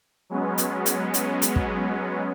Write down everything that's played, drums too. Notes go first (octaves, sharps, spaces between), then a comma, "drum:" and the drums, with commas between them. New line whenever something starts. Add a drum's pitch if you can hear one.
F#3 G#3 B3 C#4
drum: hi-hat
drum: hi-hat
drum: hi-hat
drum: hi-hat
drum: kick